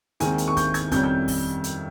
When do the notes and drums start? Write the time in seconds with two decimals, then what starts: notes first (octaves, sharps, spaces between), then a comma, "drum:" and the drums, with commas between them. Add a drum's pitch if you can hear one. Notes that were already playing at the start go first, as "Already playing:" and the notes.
0.20 D#2 D#3 G#3 C4 G#5, drum: hi-hat
0.38 drum: hi-hat
0.48 C#6
0.57 G6, drum: kick, hi-hat
0.74 G#6, drum: hi-hat
0.92 F2 D#3 G3 C#4 G6, drum: kick, hi-hat
1.03 G6
1.28 drum: kick, open hi-hat
1.64 drum: hi-hat